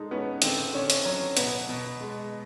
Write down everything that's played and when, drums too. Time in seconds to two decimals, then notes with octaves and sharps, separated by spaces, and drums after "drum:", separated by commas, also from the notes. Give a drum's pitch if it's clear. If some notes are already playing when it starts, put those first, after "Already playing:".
Already playing: G#3 D#4 A4
0.11 B3 C#4
0.42 D3 C4, drum: hi-hat
0.73 D3 C#4
0.90 drum: hi-hat
1.05 F#3 C#4
1.37 B2 B3, drum: hi-hat
1.69 B2
2.01 G#3